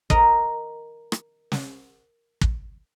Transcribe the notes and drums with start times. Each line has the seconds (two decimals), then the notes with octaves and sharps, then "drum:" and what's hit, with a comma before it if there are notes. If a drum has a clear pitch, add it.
0.10 A#4 D#5, drum: kick
1.12 drum: rim click
1.52 drum: snare
2.41 drum: kick